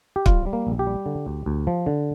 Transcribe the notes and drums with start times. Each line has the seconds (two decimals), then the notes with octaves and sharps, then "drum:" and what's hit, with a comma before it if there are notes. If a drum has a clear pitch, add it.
0.16 G4
0.26 G3 F4, drum: kick
0.46 G3
0.53 A#3
0.67 A#1
0.79 G4
0.87 G3
1.06 D3
1.27 D2
1.46 D2
1.67 F3
1.86 D3